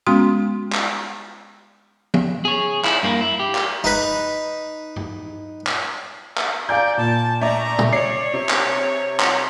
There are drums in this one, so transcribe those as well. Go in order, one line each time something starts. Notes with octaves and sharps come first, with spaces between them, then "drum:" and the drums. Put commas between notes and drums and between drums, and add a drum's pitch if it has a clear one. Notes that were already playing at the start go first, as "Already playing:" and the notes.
G#3 B3 C#4 F#4 F5 C6
drum: clap
drum: tom
G#4 C#5
E4, drum: clap
G2 A#3
E4
G4
drum: clap
D#4 B4
drum: tom G2
drum: clap
drum: clap
D5 F5 G#5 A#5 G6
A#2 A5
A3 D5 A#5
drum: tom
C#5 D5 C7
C3
drum: clap
drum: clap